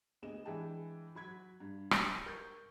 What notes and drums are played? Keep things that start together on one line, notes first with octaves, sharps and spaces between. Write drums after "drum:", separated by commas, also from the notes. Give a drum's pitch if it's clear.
D2 B3 G#4 D#5 E7
E3 G#3 D4 G#4 G5 A5
F#3 B5 G#6 B6
G2
drum: rim click
A#4 C#6 G6 A6